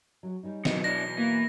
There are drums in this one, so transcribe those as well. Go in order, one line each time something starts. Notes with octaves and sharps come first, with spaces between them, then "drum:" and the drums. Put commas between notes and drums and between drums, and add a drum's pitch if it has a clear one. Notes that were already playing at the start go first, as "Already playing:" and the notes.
F#3 C#4 F#4
G3 C#4 D#4
B2 E3 F#3 D#4, drum: snare
D4 E4 A#6
E2
E3 A#3